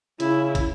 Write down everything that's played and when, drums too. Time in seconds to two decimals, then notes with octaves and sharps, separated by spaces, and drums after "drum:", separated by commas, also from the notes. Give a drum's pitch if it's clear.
0.20 C#3 E4, drum: hi-hat
0.55 drum: kick, hi-hat